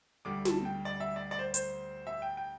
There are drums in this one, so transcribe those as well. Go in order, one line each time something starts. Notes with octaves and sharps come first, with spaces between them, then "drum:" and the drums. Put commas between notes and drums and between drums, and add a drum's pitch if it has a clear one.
D2 D3 G3 D6
A5, drum: snare
G5
D5
E5
D5
D5
C5
C5, drum: hi-hat
E5
G5
G5